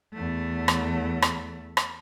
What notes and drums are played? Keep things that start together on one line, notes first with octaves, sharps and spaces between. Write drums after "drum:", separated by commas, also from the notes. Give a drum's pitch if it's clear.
E2 A3
drum: rim click
drum: rim click
drum: rim click